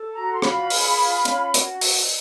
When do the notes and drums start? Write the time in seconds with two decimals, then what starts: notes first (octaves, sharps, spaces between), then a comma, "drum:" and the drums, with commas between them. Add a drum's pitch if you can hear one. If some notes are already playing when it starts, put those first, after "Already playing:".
Already playing: A4
0.15 F#4 A#5
0.32 C6
0.42 F4 B5, drum: rim click
0.70 G#4, drum: open hi-hat
0.98 F4
1.25 C#4, drum: hi-hat
1.54 F#4, drum: hi-hat
1.81 drum: open hi-hat